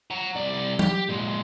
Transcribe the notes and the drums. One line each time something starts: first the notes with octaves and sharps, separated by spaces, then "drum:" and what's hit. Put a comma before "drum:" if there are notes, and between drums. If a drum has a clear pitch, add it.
F#5 A#5
C2 D5
G4, drum: tom F#3
A#2 G#3